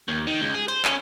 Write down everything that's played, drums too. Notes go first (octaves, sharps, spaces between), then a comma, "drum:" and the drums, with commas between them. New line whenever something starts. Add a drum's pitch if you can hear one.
D#2
D#3
C#2
G#4
C5, drum: hi-hat
C#4, drum: clap